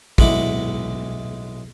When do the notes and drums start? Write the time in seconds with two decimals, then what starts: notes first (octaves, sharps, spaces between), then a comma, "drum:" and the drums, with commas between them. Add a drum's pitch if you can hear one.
0.18 B1 G#3 E4 F#5 D6, drum: kick